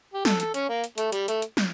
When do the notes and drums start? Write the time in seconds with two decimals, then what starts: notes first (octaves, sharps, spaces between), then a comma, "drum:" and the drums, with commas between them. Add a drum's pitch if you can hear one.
0.14 G4
0.25 A4, drum: snare
0.40 A4, drum: hi-hat
0.54 C#4, drum: hi-hat
0.69 A#3
0.84 drum: hi-hat
0.98 A3, drum: hi-hat
1.12 G3, drum: hi-hat
1.28 A3, drum: hi-hat
1.42 drum: hi-hat
1.57 drum: snare